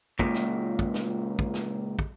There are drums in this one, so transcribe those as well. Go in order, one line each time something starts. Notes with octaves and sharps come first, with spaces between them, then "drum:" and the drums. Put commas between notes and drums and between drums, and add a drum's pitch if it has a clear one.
C#2 A#2, drum: kick
drum: snare
drum: kick
drum: snare
drum: kick
drum: snare
drum: kick